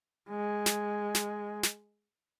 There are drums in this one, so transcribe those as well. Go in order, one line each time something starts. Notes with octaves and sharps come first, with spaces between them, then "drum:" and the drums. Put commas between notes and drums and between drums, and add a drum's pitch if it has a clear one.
G#3
drum: snare
drum: snare
drum: snare